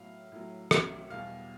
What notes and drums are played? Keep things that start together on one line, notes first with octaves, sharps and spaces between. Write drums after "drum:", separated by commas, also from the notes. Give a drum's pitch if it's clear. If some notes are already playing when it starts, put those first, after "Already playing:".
Already playing: A2 F#3 F5
A2 F#3
drum: rim click
E2 B2 G3 F5